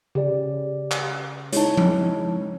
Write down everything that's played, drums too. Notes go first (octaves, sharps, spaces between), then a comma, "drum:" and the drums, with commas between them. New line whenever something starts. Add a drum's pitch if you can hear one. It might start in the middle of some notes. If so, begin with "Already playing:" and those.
C#3 G4 D5
drum: clap
G#3 D#4 E4 C#5 A5, drum: hi-hat
drum: tom F3